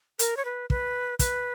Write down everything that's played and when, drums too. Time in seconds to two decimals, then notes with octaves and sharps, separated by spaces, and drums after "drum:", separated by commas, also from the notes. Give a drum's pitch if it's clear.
0.19 A#4, drum: hi-hat
0.37 C#5
0.45 B4
0.70 B4, drum: kick
1.19 B4, drum: kick, hi-hat